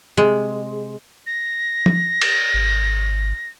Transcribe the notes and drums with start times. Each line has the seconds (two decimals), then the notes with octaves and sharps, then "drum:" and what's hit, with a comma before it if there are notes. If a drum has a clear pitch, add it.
0.17 C3 G#3
1.27 A#6
1.86 drum: tom
2.21 drum: cymbal
2.54 G#1